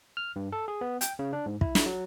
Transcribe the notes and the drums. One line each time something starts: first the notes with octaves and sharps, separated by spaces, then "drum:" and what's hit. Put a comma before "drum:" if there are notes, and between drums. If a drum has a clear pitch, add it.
F6
G2
A4
G#4
B3
G5, drum: hi-hat
C#3
D4
G#2
E4, drum: kick
drum: snare
F#3